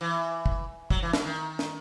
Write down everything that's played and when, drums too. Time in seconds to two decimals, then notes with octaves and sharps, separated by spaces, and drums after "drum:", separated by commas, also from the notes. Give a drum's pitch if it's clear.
0.01 E3
0.46 drum: kick
0.90 F#3, drum: kick
1.02 E3
1.13 B2, drum: snare
1.25 D#3
1.59 drum: snare